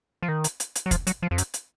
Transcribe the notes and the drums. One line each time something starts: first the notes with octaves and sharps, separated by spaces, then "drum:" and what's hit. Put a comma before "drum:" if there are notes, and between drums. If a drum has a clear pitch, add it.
F3
D#3
drum: hi-hat
drum: hi-hat
drum: hi-hat
F#3
F3, drum: kick, hi-hat
F#3, drum: hi-hat
F3
F2
F#2, drum: hi-hat
drum: hi-hat